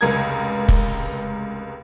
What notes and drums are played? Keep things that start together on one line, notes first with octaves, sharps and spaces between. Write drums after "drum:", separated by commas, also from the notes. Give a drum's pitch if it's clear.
F1 C#2 A#4 G#6
drum: kick